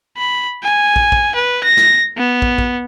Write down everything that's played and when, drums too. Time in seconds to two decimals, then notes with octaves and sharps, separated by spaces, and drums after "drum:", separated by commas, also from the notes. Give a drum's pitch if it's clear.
0.17 B5
0.63 G#5
0.96 drum: kick
1.12 drum: kick
1.35 B4
1.64 A#6
1.77 drum: snare
2.17 B3
2.42 drum: kick
2.58 drum: kick